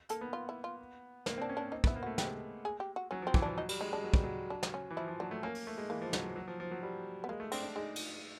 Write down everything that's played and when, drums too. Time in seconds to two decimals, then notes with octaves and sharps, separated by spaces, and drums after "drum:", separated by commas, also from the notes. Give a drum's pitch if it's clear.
0.09 A#3 A4, drum: hi-hat
0.21 B3
0.33 F4
0.49 E4
0.64 F4
1.26 A#3, drum: snare
1.38 C4
1.42 D4
1.49 C#4
1.57 C4 D4
1.72 C4 D#4
1.84 B3, drum: kick
1.87 E4
1.96 A#3
2.03 A3 F#4
2.18 G#3 G4, drum: snare
2.65 G#4
2.80 G4
2.96 F#4
3.11 F#3 C#4
3.22 F3
3.27 C4
3.34 E3, drum: kick
3.42 F3 D4
3.57 F#3 D#4
3.69 G3, drum: cymbal
3.81 G#3 D#4
3.92 G#3 D4
4.04 F#3
4.14 G3, drum: kick
4.24 F#3
4.50 D4
4.63 drum: snare
4.74 C#4
4.90 E3
4.96 F3 E4
5.08 F3
5.20 F#3 D4
5.31 A3
5.43 A#3 C#4
5.55 drum: open hi-hat
5.67 A3
5.78 G#3
5.90 E3 A#3
6.02 F3
6.13 F#3, drum: snare
6.36 F#3
6.48 F3
6.60 F3
6.71 F#3
6.83 G3
7.24 B3
7.29 G#3 A#3
7.40 A3
7.52 C4 D4, drum: cymbal
7.63 D4
7.76 G#3 D#4
7.96 drum: cymbal